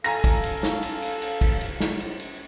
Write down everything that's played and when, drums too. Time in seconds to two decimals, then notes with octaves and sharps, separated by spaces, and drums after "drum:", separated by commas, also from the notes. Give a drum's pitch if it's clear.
0.04 A4 F5 G#5 A#5 A#6, drum: cymbal
0.24 drum: kick, cymbal
0.44 drum: cymbal
0.63 drum: snare
0.83 drum: cymbal
1.02 drum: cymbal
1.22 drum: cymbal
1.41 drum: kick, cymbal
1.61 drum: cymbal
1.80 drum: snare
2.00 drum: cymbal
2.20 drum: cymbal